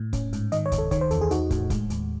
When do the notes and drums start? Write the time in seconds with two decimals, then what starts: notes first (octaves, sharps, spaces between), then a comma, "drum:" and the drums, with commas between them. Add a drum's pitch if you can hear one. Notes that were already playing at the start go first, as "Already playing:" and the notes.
Already playing: A2
0.13 C#4, drum: kick, hi-hat
0.33 G#2, drum: hi-hat
0.52 D#3 D#5, drum: hi-hat
0.66 C#5
0.72 C#2, drum: kick, hi-hat
0.78 A4
0.91 D#3 C#5, drum: kick, hi-hat
1.01 C5
1.11 E2 A4, drum: hi-hat
1.21 G#4
1.31 D#4 F#4, drum: hi-hat
1.51 A2, drum: kick, hi-hat
1.70 G#3, drum: kick, hi-hat
1.90 D#2, drum: hi-hat